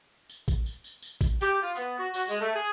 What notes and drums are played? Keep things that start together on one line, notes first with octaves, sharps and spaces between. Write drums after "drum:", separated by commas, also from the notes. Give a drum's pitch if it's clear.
drum: tambourine
drum: kick, tambourine
drum: tambourine
drum: tambourine
drum: tambourine
drum: kick, tambourine
G4, drum: tambourine
F4
B3, drum: tambourine
F#4
F#4, drum: tambourine
G#3, drum: tambourine
A3
G#4